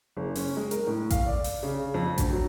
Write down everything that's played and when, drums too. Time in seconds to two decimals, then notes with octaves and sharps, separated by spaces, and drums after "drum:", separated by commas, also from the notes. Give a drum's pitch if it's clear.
0.17 F#1
0.35 C#4, drum: open hi-hat
0.57 G#3
0.71 A#4, drum: hi-hat
0.87 A2
1.10 F5, drum: kick A1, hi-hat
1.27 D5
1.44 drum: open hi-hat
1.63 C#3
1.94 F2
2.18 D2, drum: kick A1, hi-hat
2.33 F#3